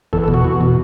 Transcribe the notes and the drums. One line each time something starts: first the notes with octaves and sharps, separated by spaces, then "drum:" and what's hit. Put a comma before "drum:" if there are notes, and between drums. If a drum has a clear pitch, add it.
E2 A4, drum: kick G1
A4
B2
F#4
E2
B2